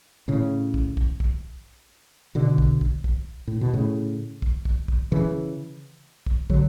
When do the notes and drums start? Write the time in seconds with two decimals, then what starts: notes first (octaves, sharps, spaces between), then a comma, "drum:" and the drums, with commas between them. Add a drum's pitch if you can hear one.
0.28 A2 C#3
0.74 drum: kick
0.97 drum: kick
1.20 drum: kick
2.35 B2 D3
2.58 drum: kick
2.81 drum: kick
3.04 drum: kick
3.47 A2
3.61 B2
3.73 A2 C#3
4.42 drum: kick
4.65 drum: kick
4.88 drum: kick
5.12 C#3 E3
6.26 drum: kick
6.50 D3 F#3, drum: kick